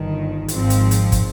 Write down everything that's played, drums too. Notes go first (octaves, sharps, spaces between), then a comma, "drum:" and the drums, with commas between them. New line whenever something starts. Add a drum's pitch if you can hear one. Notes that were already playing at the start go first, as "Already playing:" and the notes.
Already playing: G1 G2 D#3
G#1 G#2 F3 C4, drum: hi-hat
drum: hi-hat
drum: hi-hat
drum: kick, hi-hat